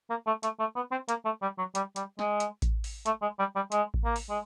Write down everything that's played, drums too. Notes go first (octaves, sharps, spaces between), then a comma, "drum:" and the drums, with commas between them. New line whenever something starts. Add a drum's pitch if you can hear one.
A#3
A3
A3, drum: hi-hat
A3
B3
C4
A#3, drum: hi-hat
A3
G3
F#3
G3, drum: hi-hat
G3, drum: hi-hat
G#3, drum: snare
drum: hi-hat
drum: kick A1, hi-hat
drum: open hi-hat
A3, drum: hi-hat
G#3
G3
G3
G#3, drum: hi-hat
drum: kick A1
A#3
drum: open hi-hat
G#3